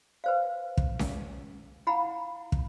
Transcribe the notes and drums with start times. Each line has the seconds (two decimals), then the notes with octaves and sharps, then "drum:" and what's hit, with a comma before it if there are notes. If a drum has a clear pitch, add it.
0.24 B4 C5 F5
0.77 drum: kick
0.99 drum: snare C#4
1.87 E4 F5 F#5 A#5 B5
2.52 drum: kick